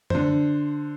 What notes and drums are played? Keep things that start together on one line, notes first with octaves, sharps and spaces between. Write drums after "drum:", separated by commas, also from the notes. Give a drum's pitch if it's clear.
D3 C5, drum: tom F#2